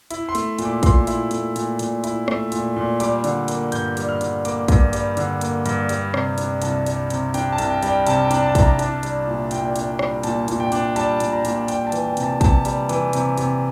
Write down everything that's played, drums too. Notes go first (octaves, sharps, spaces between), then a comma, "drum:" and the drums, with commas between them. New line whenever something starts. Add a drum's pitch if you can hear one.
E4, drum: hi-hat
C6
A3, drum: hi-hat
A#2, drum: hi-hat
D6
A#2 C6, drum: kick A#1, hi-hat
E4, drum: hi-hat
A3, drum: hi-hat
A#2, drum: hi-hat
A#2, drum: hi-hat
E4, drum: hi-hat
A3, drum: rim click
A#2, drum: hi-hat
A#2
G3 D6, drum: hi-hat
D3, drum: hi-hat
A#3, drum: hi-hat
G2 G6, drum: hi-hat
G3, drum: hi-hat
F6
D3, drum: hi-hat
A#3 D6, drum: hi-hat
G2, drum: kick A#1, hi-hat
G3, drum: hi-hat
D3, drum: hi-hat
A#3, drum: hi-hat
G2, drum: hi-hat
G3, drum: hi-hat
C3, drum: rim click
D4, drum: hi-hat
C2 A5, drum: hi-hat
G3, drum: hi-hat
C3, drum: hi-hat
D4 G5, drum: hi-hat
A5
C2, drum: hi-hat
G5
G3, drum: hi-hat
G5
C3 A5, drum: hi-hat
G5
D4, drum: hi-hat
A5
C2, drum: kick A#1, hi-hat
A#5
D4 A5, drum: hi-hat
G3, drum: hi-hat
A#2
A#2 G5, drum: hi-hat
D4, drum: hi-hat
G3, drum: rim click
A#2 A5, drum: hi-hat
A#2, drum: hi-hat
G5
D4, drum: hi-hat
G3 A5, drum: hi-hat
A#2, drum: hi-hat
A#5
A#2, drum: hi-hat
G3 G5, drum: hi-hat
A5
E3, drum: hi-hat
G5
C3, drum: hi-hat
A5
C3 A5, drum: kick A#1, hi-hat
G3, drum: hi-hat
E3, drum: hi-hat
C3, drum: hi-hat
C3, drum: hi-hat